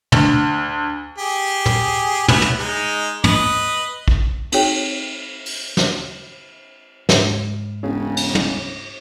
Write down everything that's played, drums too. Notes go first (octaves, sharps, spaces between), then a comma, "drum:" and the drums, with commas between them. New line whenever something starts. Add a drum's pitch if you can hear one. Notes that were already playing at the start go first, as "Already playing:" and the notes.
D2, drum: tom
G4 G#4
drum: tom
B3 C#4 E4, drum: tom
drum: tom
G#3 D#4
B4 D#5, drum: tom
drum: kick
C4 D#4 F#4 G#4 C#5 G5, drum: cymbal
drum: open hi-hat
drum: snare
G#2, drum: snare
E1 C#3
drum: cymbal
drum: tom